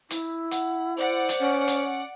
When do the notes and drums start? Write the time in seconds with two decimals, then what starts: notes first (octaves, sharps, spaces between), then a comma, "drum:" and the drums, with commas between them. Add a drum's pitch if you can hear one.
0.10 E4, drum: hi-hat
0.51 F#5, drum: hi-hat
0.97 C5 D5 F#5
1.29 drum: hi-hat
1.39 C#4
1.68 drum: hi-hat